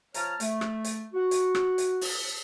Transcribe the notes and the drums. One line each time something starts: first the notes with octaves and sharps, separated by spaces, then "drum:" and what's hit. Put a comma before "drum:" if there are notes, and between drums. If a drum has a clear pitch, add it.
F3 C#5 A5 A#5 F6, drum: hi-hat
A3, drum: hi-hat
drum: rim click
drum: hi-hat
F#4
drum: hi-hat
drum: rim click
drum: hi-hat
drum: open hi-hat